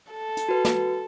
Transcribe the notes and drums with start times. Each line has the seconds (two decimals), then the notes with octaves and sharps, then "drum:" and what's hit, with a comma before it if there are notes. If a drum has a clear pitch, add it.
0.11 A4
0.37 drum: hi-hat
0.49 F#4 B4
0.65 drum: snare